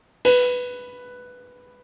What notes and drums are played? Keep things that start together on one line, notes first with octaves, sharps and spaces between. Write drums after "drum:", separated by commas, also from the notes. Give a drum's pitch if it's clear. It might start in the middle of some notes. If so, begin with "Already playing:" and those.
B4, drum: cymbal